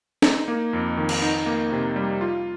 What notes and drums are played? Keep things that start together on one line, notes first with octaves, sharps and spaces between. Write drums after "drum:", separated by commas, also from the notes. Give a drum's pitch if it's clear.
D#4, drum: snare
A#3
F2
D#3
drum: cymbal
D#4
A#3
C3
G3
F4